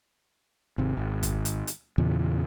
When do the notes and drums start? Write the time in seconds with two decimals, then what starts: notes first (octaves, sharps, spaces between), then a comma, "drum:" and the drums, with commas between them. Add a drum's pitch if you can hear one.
0.78 G#1 C3
0.97 G#1
1.23 drum: kick, hi-hat
1.45 drum: hi-hat
1.67 drum: hi-hat
1.98 E2 A#2 C#3 E3